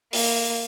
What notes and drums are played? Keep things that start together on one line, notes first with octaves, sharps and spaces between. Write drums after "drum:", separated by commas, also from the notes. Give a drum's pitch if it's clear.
A#3, drum: open hi-hat